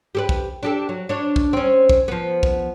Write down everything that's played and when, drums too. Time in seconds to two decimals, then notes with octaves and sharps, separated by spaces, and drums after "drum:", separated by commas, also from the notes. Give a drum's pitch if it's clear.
0.15 G4 A4 B4
0.29 drum: kick
0.63 D4 G4 A4
0.89 F#3
1.09 D4 C#5
1.36 drum: kick
1.53 C4 C#4
1.90 drum: kick
2.08 F3 B3
2.43 drum: kick